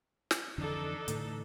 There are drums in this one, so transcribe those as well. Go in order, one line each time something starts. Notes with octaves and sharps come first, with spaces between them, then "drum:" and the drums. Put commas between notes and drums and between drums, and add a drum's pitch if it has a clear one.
drum: snare
F2 D3 E3 D4 D#4 A4
A2 D3 E3, drum: hi-hat